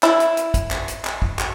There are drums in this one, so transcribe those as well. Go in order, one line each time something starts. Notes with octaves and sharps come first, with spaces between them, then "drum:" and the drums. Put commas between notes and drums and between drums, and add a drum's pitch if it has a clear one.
E4, drum: clap
drum: hi-hat
drum: hi-hat
drum: kick, hi-hat
drum: clap
drum: hi-hat
drum: clap
drum: kick
drum: clap